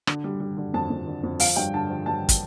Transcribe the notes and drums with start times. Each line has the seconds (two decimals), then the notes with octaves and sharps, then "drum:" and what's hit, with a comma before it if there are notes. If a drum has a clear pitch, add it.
0.07 D3, drum: rim click
0.24 G3
0.40 G3
0.57 D3
0.74 F2 A5
0.90 F2
1.07 D3
1.23 F2
1.40 F3 F5, drum: open hi-hat
1.56 G2 G5
1.74 D3 A5
1.90 F3
2.06 G2 A5
2.29 drum: kick, hi-hat